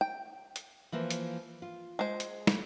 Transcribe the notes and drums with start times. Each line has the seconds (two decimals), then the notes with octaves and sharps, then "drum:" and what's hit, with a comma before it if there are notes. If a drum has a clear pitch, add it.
0.01 G5
0.56 drum: hi-hat
0.92 E3 F3 A#3
1.10 drum: hi-hat
1.62 F4
1.99 G#3 C5
2.20 drum: hi-hat
2.47 drum: snare